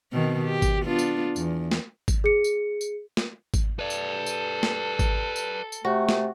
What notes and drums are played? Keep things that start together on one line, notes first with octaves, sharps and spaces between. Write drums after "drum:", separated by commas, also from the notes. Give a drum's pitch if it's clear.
B2 D#3 C4
G4
drum: kick G#1, tambourine
B3 D4 F4
drum: tambourine
E2, drum: tambourine
drum: snare
drum: kick G#1, tambourine
G#4 C#7
drum: tambourine
drum: tambourine
drum: snare
drum: kick G#1, tambourine
A4 B4 D5
drum: tambourine
drum: tambourine
drum: snare
drum: kick G#1, tambourine
drum: tambourine
drum: tambourine
C3 A3 F#4
drum: snare